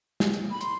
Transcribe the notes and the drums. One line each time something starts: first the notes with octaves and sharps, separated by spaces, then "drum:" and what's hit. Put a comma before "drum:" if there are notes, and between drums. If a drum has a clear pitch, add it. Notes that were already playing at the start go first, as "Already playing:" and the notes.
drum: snare
drum: hi-hat
B5
C6, drum: hi-hat